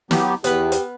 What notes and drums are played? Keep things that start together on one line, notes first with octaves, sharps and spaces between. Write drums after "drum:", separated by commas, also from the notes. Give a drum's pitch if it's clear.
F#3 B3 G4, drum: snare
E2 B3 G4 B4, drum: hi-hat
drum: hi-hat